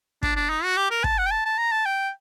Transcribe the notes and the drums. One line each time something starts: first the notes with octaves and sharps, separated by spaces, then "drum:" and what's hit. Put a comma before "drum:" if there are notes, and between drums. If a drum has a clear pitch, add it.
D4, drum: kick
D4
D#4
F#4
G4
A#4
A5, drum: kick
F#5
G5
A5
A5
A#5
A5
G5